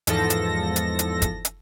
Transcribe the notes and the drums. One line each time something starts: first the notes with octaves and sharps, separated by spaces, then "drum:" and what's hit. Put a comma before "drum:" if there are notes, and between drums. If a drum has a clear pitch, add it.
E2 G#2 F3 A4 A#6, drum: hi-hat
drum: hi-hat
drum: hi-hat
drum: hi-hat
drum: kick, hi-hat
drum: hi-hat